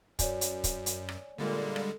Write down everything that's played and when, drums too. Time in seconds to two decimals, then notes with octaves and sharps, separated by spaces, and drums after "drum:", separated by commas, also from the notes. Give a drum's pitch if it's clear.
0.19 F#2 F#4 C#5 D5 G#5, drum: kick, hi-hat
0.41 drum: hi-hat
0.64 drum: kick, hi-hat
0.86 drum: hi-hat
1.09 drum: rim click
1.38 A#2 D3 G3 G#3 A#3 A4
1.76 drum: rim click